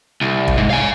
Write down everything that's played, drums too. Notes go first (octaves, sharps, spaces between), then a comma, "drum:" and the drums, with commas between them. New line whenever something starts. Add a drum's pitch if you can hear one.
C2
drum: kick
G#2
F5 G#5